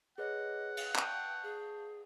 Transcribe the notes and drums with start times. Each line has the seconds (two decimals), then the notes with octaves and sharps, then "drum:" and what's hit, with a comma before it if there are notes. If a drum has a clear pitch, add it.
0.18 G#4 B4 C#5 D#5 F#5
0.77 drum: cymbal
0.96 G5 A5 C#6 G6, drum: clap
1.43 G#4